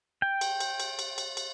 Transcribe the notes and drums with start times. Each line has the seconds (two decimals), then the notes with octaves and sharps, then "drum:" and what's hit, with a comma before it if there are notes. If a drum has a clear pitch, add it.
0.22 G5
0.41 drum: cymbal
0.60 drum: cymbal
0.80 drum: cymbal
0.99 drum: cymbal
1.18 drum: cymbal
1.37 drum: cymbal